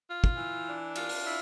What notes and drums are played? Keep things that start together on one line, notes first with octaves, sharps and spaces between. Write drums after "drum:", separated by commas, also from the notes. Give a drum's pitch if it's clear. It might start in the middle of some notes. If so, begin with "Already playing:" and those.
F4
drum: kick
E3
D4
F4, drum: cymbal
drum: open hi-hat
E4